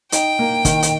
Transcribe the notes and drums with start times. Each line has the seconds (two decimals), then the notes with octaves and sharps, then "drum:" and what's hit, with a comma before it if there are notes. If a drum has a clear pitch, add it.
0.12 D#4 G5, drum: hi-hat
0.39 A#3
0.65 D#3, drum: kick, hi-hat
0.83 drum: hi-hat